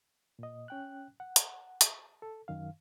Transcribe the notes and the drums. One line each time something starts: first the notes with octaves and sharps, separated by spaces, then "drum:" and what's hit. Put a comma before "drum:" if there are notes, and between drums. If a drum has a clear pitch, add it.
A#2 D#5
C#4 G5 F#6
F#5
drum: hi-hat
drum: hi-hat
A4
F#2 D#3 F5